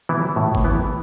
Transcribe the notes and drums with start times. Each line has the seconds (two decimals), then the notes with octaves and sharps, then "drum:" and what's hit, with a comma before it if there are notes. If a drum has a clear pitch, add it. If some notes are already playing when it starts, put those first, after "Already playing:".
0.09 E3 B3 E4
0.36 A2
0.55 drum: kick G1
0.64 E3 B3 E4